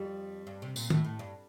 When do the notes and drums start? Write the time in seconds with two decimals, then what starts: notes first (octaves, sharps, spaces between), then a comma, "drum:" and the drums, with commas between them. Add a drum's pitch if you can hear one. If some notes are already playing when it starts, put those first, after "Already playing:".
Already playing: F2 G3
0.47 G2
0.62 C3
0.76 A#2, drum: tambourine
0.90 A2, drum: tom
1.04 A2
1.19 G2